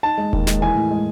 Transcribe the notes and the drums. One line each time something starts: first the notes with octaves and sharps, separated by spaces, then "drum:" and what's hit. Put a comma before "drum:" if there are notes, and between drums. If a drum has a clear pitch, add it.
D#4 A5
G#3
D#2, drum: kick E1
G#3, drum: snare
E3 G#5
A2
G#3